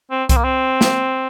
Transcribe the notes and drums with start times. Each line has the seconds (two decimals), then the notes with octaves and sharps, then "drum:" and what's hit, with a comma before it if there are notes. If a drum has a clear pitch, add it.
0.11 C4
0.29 C4, drum: kick C2, hi-hat
0.37 A#3
0.44 C4
0.81 drum: snare